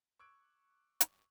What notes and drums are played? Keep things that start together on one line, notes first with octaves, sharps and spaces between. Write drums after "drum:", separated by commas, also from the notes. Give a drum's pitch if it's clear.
C#6 D6 E6 F#6 G#6 D7
drum: hi-hat